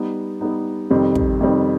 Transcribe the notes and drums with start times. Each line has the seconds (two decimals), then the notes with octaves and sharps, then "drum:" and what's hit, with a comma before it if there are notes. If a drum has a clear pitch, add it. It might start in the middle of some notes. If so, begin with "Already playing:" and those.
Already playing: G3 B3 D#4
0.41 G3 B3 D#4
0.90 F2 C3 D#3 G3 C4
1.15 drum: kick
1.41 F2 C3 D#3 G3 C4